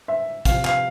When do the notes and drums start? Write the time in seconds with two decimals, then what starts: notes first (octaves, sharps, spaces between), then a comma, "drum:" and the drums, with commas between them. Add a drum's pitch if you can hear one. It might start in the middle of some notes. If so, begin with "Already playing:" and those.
0.08 E5
0.45 C3 F3 F5, drum: kick, hi-hat
0.65 F5, drum: clap